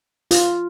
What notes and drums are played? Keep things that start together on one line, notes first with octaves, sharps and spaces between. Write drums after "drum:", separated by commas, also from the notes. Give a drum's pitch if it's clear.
F4, drum: hi-hat